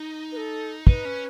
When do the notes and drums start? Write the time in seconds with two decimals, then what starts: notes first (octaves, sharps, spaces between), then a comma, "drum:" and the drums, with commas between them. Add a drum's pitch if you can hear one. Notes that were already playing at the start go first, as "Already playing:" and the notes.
Already playing: D#4
0.32 B4
0.37 A4
0.87 D#4 B4, drum: kick
1.05 C#4